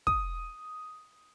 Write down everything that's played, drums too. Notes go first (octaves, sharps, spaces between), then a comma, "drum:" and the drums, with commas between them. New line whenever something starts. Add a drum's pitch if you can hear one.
D#6, drum: kick